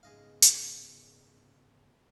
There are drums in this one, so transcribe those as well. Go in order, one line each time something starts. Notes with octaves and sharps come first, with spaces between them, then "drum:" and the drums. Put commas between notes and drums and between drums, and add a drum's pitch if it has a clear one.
G#2 C#3 G#3 B3 D#5 F5
drum: hi-hat